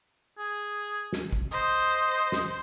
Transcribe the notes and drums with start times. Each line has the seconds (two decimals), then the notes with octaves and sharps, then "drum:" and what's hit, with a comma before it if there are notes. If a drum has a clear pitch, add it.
0.38 G#4
1.13 drum: snare
1.32 drum: kick
1.52 C5 D#5
2.32 drum: snare